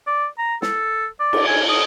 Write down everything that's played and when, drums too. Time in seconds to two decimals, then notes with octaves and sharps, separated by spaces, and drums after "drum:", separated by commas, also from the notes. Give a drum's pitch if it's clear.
0.07 D5
0.38 A#5
0.62 A4, drum: snare
1.20 D5
1.33 drum: cymbal
1.47 G#5
1.69 D#6